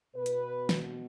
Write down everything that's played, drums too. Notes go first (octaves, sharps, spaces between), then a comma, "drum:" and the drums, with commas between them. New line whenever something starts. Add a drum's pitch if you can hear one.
B2 B4
drum: hi-hat
drum: snare